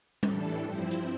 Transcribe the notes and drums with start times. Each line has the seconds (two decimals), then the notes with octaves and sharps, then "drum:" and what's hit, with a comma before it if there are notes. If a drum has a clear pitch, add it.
0.23 A2 E3 G3 D4 A4, drum: tom G3
0.64 G2 F3 C4 E4 C5
0.91 drum: hi-hat